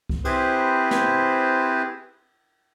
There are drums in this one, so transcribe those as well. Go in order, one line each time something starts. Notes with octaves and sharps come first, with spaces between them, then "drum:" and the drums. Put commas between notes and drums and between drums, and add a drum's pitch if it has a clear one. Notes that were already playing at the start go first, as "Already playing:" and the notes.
drum: kick C2
C4 E4 G4 G#4 B4 C5, drum: cymbal
drum: snare